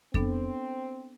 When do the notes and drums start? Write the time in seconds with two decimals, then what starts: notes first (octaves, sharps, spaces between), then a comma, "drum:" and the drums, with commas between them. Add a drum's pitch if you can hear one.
0.14 B3 C4 D4 A4, drum: kick F2